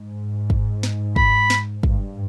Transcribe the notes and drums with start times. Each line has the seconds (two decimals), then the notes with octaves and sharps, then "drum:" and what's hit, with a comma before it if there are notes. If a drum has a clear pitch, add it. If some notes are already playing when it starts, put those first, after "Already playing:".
Already playing: G#2
0.50 drum: kick
0.83 drum: snare
1.16 B5, drum: kick
1.50 drum: snare
1.83 G2, drum: kick